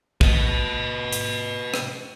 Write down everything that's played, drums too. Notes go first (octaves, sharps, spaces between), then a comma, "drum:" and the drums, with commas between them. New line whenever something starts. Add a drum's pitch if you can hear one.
B4 D#5, drum: kick
drum: hi-hat
drum: rim click